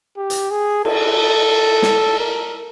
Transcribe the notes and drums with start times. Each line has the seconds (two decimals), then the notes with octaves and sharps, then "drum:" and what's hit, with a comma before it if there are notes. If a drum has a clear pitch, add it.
0.17 G4
0.30 drum: hi-hat
0.51 G#4
0.85 A4, drum: cymbal
1.82 drum: snare
2.20 A#4